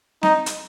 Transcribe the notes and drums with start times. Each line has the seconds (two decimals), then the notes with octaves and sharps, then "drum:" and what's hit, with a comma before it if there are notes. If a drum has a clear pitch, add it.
0.23 D#4, drum: snare C4
0.46 drum: hi-hat